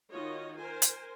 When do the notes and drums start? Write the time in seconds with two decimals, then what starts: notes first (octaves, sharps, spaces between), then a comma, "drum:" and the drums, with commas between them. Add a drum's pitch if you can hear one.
0.11 D#3 D#4 F4 F#4 C#5 D#5
0.56 A#4 C5 G#5
0.82 drum: hi-hat